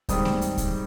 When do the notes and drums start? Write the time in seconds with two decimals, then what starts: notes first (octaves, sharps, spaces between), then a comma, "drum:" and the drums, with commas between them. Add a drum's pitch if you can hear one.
0.09 G#2 D#3 G3 C4 D#6, drum: kick D2, hi-hat
0.25 drum: snare A3
0.41 drum: hi-hat
0.58 drum: kick D2, hi-hat